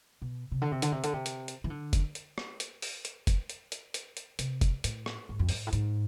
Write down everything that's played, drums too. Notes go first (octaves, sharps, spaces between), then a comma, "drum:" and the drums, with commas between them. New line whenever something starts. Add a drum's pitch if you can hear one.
B2
C3
D3
C3
D3, drum: hi-hat
C3
D3, drum: hi-hat
C3
drum: hi-hat
drum: hi-hat
E3
D3
drum: kick, hi-hat
drum: hi-hat
drum: rim click
drum: hi-hat
drum: open hi-hat
drum: hi-hat
drum: kick, hi-hat
drum: hi-hat
drum: hi-hat
drum: hi-hat
drum: hi-hat
C3, drum: hi-hat
drum: kick, hi-hat
A2, drum: hi-hat
drum: rim click
G#2
F2
G#2, drum: open hi-hat
A2
G#2, drum: hi-hat